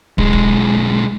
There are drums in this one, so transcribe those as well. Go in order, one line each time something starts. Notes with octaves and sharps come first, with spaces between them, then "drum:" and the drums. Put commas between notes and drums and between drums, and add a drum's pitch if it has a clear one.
B1 G#3, drum: kick
drum: kick